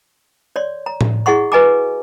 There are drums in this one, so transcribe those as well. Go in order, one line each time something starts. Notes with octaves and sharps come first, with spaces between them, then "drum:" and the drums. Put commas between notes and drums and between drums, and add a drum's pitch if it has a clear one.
C#5 D5 C6
A#5
drum: tom A2
E4 G#4 D#5 F#5 C6 C#6
F#4 B4 D#5 G#5 A#5 D6